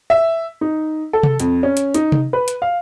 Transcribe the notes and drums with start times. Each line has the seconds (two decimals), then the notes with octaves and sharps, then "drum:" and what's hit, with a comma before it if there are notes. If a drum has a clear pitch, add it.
0.10 E5
0.61 D#4
1.13 A4
1.23 drum: tom C3
1.40 F2, drum: hi-hat
1.63 C#4
1.77 drum: hi-hat
1.94 D#4, drum: hi-hat
2.12 drum: tom C3
2.33 B4
2.48 drum: hi-hat
2.62 F5